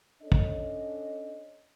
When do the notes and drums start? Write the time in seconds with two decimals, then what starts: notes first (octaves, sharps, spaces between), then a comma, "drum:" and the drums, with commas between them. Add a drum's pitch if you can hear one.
0.22 C#4 D4 A4 D#5
0.32 drum: kick